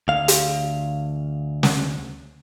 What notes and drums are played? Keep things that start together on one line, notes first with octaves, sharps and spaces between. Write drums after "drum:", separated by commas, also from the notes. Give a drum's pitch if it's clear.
D2 F5
drum: hi-hat
drum: snare